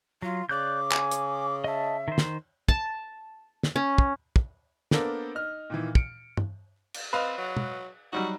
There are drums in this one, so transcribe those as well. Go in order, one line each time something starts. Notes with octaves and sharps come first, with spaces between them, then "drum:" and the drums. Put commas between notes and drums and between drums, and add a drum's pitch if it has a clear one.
F#3 F4
C#3 D5 D6 F#6 G6
G#5, drum: clap
drum: hi-hat
D#5 E5 A5
D#3 C5
drum: snare
A5, drum: kick
drum: snare
C#4
drum: kick
drum: kick
A#3 B3 D4 A4 A#4 C5, drum: snare
D#4 F6
A#2 D#3 E3
C#7 D7, drum: kick
drum: tom G2
drum: cymbal
C4 B4 D#5 F5
F#3
drum: tom
F#3 G3 D#4 F#4